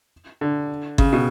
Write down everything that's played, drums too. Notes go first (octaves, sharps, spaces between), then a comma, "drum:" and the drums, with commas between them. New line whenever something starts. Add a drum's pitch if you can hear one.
D3
C#3, drum: kick G1
B2